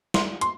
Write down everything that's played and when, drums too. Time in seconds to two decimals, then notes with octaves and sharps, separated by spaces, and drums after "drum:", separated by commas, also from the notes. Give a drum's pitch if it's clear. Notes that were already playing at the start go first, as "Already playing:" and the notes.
0.14 C6, drum: snare
0.41 C6, drum: hi-hat